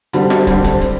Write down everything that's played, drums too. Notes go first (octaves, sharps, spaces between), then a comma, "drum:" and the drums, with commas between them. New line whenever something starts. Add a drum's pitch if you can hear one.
D3 G3 C4, drum: hi-hat
drum: snare
D3 G3 C4, drum: kick, hi-hat
drum: kick, hi-hat
drum: hi-hat